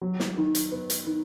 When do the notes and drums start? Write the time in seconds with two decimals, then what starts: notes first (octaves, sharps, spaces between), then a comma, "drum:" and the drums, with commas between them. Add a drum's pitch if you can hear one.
0.02 F#3
0.20 drum: snare
0.38 D#3
0.55 drum: hi-hat
0.72 B3
0.90 drum: hi-hat
1.07 D#3